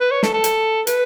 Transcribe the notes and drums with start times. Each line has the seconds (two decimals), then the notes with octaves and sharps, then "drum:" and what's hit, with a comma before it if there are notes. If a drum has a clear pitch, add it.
0.01 B4
0.11 C#5
0.23 A4, drum: snare
0.33 A4
0.44 drum: hi-hat
0.87 B4, drum: hi-hat